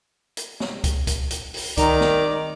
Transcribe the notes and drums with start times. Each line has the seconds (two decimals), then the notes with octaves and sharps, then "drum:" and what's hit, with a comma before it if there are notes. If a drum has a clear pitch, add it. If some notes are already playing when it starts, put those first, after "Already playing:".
0.37 drum: hi-hat
0.60 drum: snare
0.84 drum: kick C#2, hi-hat
1.07 drum: kick C#2, hi-hat
1.31 drum: hi-hat
1.54 drum: open hi-hat
1.77 D#3 D5 A#5, drum: kick C#2, hi-hat
2.01 drum: snare